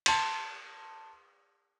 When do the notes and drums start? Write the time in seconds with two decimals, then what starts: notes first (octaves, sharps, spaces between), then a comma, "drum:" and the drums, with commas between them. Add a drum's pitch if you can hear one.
0.06 A5 C6, drum: cymbal